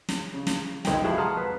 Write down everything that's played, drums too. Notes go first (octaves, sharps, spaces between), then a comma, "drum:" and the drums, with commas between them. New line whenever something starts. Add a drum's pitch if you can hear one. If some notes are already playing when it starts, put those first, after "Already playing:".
drum: snare
C#3
drum: snare
B1 G5, drum: snare
F3 G#3 E4 F#4
F#5 A5 A#5 C6 D#6 F6
F2 B4